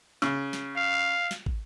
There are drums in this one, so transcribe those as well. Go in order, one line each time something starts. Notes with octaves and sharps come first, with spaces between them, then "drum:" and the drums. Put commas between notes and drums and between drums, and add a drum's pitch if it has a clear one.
C#3, drum: snare
drum: snare
F5
drum: snare
drum: kick